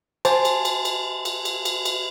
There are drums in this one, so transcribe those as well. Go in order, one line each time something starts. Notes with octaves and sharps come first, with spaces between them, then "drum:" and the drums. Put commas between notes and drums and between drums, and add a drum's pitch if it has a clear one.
C5 G#5 A5 C6, drum: cymbal
drum: cymbal
drum: cymbal
drum: cymbal
drum: cymbal
drum: cymbal
drum: cymbal
drum: cymbal